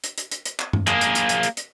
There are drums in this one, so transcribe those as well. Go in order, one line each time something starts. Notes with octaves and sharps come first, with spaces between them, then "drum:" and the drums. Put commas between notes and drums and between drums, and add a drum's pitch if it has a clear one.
drum: hi-hat
drum: hi-hat
drum: hi-hat
drum: hi-hat
drum: clap
drum: tom G2
A#3 G#4, drum: clap
drum: hi-hat
drum: hi-hat
drum: hi-hat
drum: hi-hat
drum: hi-hat